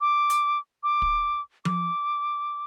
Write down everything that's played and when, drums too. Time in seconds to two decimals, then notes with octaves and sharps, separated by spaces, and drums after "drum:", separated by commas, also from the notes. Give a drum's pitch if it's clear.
0.01 D6
0.30 drum: hi-hat
0.83 D6
1.02 drum: kick
1.65 D6, drum: tom F3